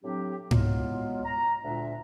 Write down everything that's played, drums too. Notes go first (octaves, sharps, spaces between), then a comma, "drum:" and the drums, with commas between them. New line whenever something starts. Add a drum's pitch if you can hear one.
A2 F#3 C4 D4 G4
F#3 G#3 B3 E4 F4, drum: tom G#2
A#5
D2 A#2 G#3 D4 E5